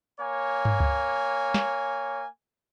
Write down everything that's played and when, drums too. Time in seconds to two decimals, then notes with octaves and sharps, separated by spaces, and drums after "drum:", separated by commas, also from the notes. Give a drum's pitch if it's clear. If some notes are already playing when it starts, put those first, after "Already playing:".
0.20 A#3 C#5 G#5
0.65 drum: tom G2
0.80 drum: kick C#2
1.54 drum: snare